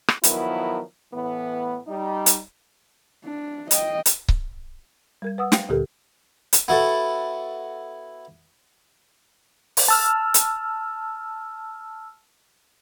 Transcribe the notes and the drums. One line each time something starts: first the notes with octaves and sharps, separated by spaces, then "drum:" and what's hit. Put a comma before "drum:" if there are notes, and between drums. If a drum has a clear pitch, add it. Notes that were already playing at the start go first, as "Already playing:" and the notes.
drum: rim click
D#3 F3 F#3 B3 E4 A#4, drum: hi-hat
A2 E3 B3
G3 D#4
drum: hi-hat
D4
D#5 G5, drum: hi-hat
drum: hi-hat
drum: kick C#1
G3 A#4 G#6
B4 F#5 D#6 E6
F5 G5, drum: snare
D2 A#2 D3 G4 A4 A#4
drum: hi-hat
B3 E4 F#4 A4
drum: open hi-hat
A5 E6 F6
drum: hi-hat